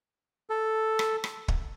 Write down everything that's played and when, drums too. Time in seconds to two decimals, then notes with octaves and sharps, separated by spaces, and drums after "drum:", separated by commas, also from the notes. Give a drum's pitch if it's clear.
0.50 A4
0.99 drum: rim click
1.24 drum: rim click
1.48 drum: kick